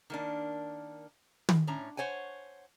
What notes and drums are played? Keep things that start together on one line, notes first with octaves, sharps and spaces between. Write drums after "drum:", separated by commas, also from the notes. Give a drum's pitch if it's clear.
D#3 A#3 D4
drum: tom
A2 C#4 D4 A#5
C5 C#5 F#5 G#5